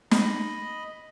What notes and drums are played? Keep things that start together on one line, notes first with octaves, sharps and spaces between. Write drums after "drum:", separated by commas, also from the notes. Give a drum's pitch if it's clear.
D#5 B5, drum: snare